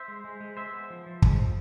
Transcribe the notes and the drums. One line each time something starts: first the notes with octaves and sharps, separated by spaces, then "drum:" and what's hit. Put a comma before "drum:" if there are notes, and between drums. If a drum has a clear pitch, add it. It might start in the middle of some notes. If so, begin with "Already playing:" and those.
Already playing: C5 E5
G#3
G#3
G#3
G#3 C5 E5
B3
F3
F3
G#3, drum: kick
F3